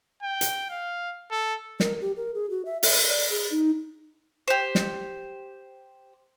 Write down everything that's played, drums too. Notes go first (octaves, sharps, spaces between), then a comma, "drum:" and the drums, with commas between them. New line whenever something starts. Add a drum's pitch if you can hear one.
G5
drum: hi-hat
F5
A4
A#4, drum: snare
G4
A#4
G#4
F#4
E5
E5, drum: open hi-hat
D5
G#4
D#4
G4 C5
drum: snare